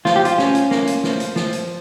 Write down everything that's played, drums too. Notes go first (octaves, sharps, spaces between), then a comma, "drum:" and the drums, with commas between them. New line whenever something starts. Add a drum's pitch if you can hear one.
F3 F4, drum: snare
G4
F4, drum: hi-hat
C#4, drum: snare
drum: hi-hat
A#3, drum: snare
drum: hi-hat
F3, drum: snare
drum: hi-hat
F3, drum: snare
drum: hi-hat